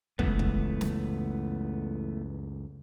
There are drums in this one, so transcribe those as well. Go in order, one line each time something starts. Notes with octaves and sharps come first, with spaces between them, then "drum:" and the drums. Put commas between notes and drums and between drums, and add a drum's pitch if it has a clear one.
C#2 F#2 E3 A3 B3, drum: kick
drum: kick
drum: snare